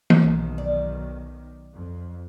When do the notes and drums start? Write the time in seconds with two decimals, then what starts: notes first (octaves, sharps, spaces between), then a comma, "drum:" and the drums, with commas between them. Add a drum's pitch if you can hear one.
0.10 drum: tom
0.19 B1 D#3
0.58 D5
1.73 F2